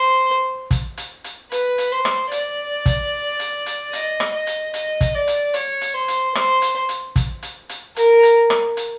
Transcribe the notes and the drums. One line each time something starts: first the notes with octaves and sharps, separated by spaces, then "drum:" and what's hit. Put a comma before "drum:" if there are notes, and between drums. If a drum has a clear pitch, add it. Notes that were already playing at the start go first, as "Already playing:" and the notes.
Already playing: C5
drum: kick, hi-hat
drum: hi-hat
drum: hi-hat
B4, drum: hi-hat
drum: hi-hat
C5
drum: rim click
D5, drum: hi-hat
drum: kick, hi-hat
drum: hi-hat
drum: hi-hat
D#5, drum: hi-hat
drum: rim click
D#5
drum: hi-hat
D#5, drum: hi-hat
drum: kick, hi-hat
D5
drum: hi-hat
C#5, drum: hi-hat
drum: hi-hat
C5
drum: hi-hat
C5, drum: rim click
drum: hi-hat
drum: hi-hat
drum: kick, hi-hat
drum: hi-hat
drum: hi-hat
A#4, drum: hi-hat
drum: hi-hat
drum: rim click
drum: hi-hat